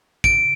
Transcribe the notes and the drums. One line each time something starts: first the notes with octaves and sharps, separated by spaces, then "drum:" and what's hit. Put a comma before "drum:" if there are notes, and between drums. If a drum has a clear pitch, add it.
D7, drum: kick